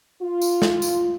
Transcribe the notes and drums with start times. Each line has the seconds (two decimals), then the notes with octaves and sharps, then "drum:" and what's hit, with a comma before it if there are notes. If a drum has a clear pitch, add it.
0.21 F4
0.42 drum: tambourine
0.62 drum: snare
0.82 drum: tambourine